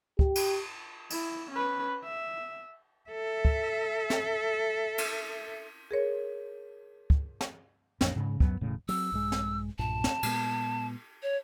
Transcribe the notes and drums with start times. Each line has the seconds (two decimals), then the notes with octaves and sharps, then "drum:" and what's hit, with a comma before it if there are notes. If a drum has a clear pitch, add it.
0.19 G4, drum: kick
0.35 drum: cymbal
1.10 E4, drum: cymbal
1.52 C#4 B4
2.04 E5
3.10 A4 E5
3.45 drum: kick
4.10 drum: snare
4.98 drum: cymbal
5.91 G#4 A#4 C#5
7.10 drum: kick
7.41 drum: snare
8.01 A1 F2 A#3 D4, drum: snare
8.16 G#2 C#3
8.40 F#2 F#3 B3, drum: kick
8.61 E1 A2 C#3
8.88 F#3 G3 C4 E6, drum: open hi-hat
9.12 A#1 G2 G#3
9.32 drum: snare
9.79 B1 G2 A#2 A5
10.04 drum: snare
10.23 A#2 G#3 B3, drum: cymbal
11.23 C#5